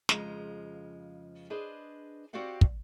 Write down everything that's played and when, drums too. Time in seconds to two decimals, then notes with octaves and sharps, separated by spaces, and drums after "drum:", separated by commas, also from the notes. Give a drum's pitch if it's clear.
0.09 F2 C#3 F3 G#3 A#5, drum: snare
1.50 D4 G#4 B4 C5 D#5
2.33 C4 F#4 G4 D5 F5 F#5
2.61 drum: kick